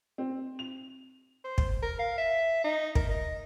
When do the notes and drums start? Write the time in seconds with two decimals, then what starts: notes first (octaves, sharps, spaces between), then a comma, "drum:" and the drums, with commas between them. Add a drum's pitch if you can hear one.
0.18 C4
0.59 F7
1.44 C5
1.58 drum: kick
1.82 A#4
1.99 F5
2.18 E5
2.64 D#4
2.95 A#4, drum: kick
3.10 D#5